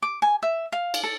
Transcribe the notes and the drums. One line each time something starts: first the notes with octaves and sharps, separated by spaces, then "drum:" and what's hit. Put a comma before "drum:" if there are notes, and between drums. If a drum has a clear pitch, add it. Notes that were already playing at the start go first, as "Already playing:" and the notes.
D6
G#5
E5
F5
drum: cymbal
A4